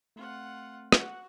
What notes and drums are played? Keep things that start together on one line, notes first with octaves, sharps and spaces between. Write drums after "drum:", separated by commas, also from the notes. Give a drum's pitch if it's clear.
A3 C4 F4 F#5
F#4 F#5, drum: rim click